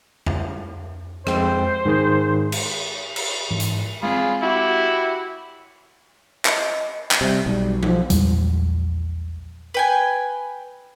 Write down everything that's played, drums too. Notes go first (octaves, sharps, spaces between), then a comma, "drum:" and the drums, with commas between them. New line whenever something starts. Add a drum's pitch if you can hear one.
drum: tom F2
F2 G#3 C5 G5, drum: rim click
G#2 D#3 G#4
drum: cymbal
drum: cymbal
G#2 E3
drum: hi-hat
G#3 B3 C4 F4 G#4 B5
E4 F#4 G4
D#5, drum: clap
drum: clap
C3 G3
B1 G3
F3, drum: tom F#3
A#1 E2 G3 G#3, drum: hi-hat
B4 G5 G#5